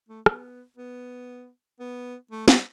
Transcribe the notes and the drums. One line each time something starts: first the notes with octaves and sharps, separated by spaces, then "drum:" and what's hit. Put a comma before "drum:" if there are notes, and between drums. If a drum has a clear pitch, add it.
A3
B3, drum: rim click
B3
B3
A3
G3, drum: snare